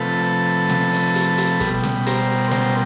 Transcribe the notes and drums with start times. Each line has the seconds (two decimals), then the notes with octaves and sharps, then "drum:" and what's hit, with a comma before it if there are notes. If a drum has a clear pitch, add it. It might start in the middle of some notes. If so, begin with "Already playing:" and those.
Already playing: C3 F3 A3 A4 B4
0.69 drum: snare
0.92 drum: open hi-hat
1.15 drum: hi-hat
1.38 drum: hi-hat
1.60 B2 G3, drum: kick, hi-hat
1.83 drum: snare
2.07 A#4 C5, drum: hi-hat
2.51 A#4 C5, drum: snare